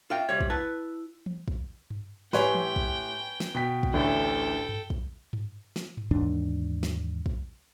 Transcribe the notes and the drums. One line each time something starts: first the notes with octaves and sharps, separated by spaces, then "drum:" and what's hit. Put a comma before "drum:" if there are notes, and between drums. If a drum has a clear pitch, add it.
F4 E5 F5 G5
C2 G3 C#5
drum: kick
E4 B4 A5
drum: tom E3
drum: kick
drum: tom G2
A2 G4 B4 C#5 G5 G#5 C6, drum: snare
drum: tom E3
drum: kick
drum: snare
B2 G5 B6
drum: kick
A1 D2 A2 D3 A4 G5
drum: tom G2
drum: kick
drum: tom G2
drum: snare
drum: tom G2
D#2 G#2 E3 D4
drum: snare
drum: kick